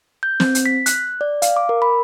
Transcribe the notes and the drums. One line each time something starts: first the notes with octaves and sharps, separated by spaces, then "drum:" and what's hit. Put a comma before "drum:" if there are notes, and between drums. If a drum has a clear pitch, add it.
G6
C4, drum: snare
drum: hi-hat
B6
F#6, drum: hi-hat
D5
F5, drum: hi-hat
D6
A#4
B5